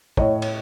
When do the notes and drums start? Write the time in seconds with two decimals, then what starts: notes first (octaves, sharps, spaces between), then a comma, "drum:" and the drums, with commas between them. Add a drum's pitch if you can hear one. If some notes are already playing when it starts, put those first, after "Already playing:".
0.17 A2 C#5 D#5, drum: kick
0.42 drum: cymbal